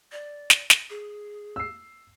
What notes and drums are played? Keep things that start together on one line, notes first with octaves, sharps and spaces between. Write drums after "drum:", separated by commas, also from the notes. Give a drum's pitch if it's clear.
D5
drum: snare
drum: snare
G#4
E6 C7